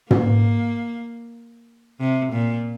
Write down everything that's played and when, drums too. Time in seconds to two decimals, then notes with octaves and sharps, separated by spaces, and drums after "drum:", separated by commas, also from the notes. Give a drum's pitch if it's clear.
0.11 A#3, drum: tom
2.00 C3
2.32 A#2